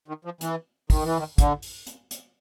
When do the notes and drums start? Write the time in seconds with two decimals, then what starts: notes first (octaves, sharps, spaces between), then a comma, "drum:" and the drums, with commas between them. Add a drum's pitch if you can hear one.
0.08 D#3
0.25 F3
0.41 E3, drum: hi-hat
0.90 D#3, drum: kick, open hi-hat
1.04 E3
1.18 D#3
1.38 D3, drum: kick, hi-hat
1.62 drum: open hi-hat
1.87 drum: hi-hat
2.11 drum: hi-hat